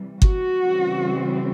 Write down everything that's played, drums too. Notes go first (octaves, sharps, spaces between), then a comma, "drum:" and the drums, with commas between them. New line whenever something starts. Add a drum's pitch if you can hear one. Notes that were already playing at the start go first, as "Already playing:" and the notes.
Already playing: C3 E3 G3
F#4, drum: kick G1
C#3 E3 G3 C4